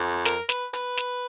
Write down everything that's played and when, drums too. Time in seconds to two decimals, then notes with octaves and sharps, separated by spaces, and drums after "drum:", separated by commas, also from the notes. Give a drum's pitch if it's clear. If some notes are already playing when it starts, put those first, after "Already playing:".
Already playing: F2
0.25 A#4, drum: snare
0.49 B4, drum: snare
0.73 B4, drum: hi-hat
0.97 drum: snare